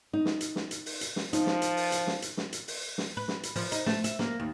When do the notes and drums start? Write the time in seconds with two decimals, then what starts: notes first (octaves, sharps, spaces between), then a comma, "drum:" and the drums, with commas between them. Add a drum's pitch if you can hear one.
0.13 D#4
0.25 drum: snare
0.41 drum: hi-hat
0.56 drum: snare
0.71 drum: hi-hat
0.86 drum: open hi-hat
1.01 drum: hi-hat
1.16 drum: snare
1.33 F3 D#4, drum: hi-hat
1.47 drum: snare
1.62 drum: hi-hat
1.77 drum: open hi-hat
1.92 drum: hi-hat
2.07 drum: snare
2.22 drum: hi-hat
2.37 drum: snare
2.53 drum: hi-hat
2.68 drum: open hi-hat
2.98 drum: snare
3.17 B4
3.28 drum: snare
3.43 drum: hi-hat
3.56 F3, drum: open hi-hat
3.72 D#4, drum: hi-hat
3.86 A3, drum: snare
4.04 E5, drum: hi-hat
4.19 A#3, drum: snare
4.40 D#2